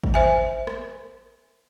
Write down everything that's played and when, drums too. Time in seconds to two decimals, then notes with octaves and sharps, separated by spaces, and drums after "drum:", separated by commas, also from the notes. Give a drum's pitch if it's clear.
0.04 drum: kick G#1
0.14 C5 E5 G#5
0.67 drum: rim click